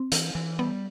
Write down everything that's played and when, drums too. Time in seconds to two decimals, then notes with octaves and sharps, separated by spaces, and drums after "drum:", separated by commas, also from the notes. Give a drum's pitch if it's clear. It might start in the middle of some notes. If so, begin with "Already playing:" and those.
Already playing: C4
0.12 E3, drum: hi-hat
0.35 E3
0.59 G3 B3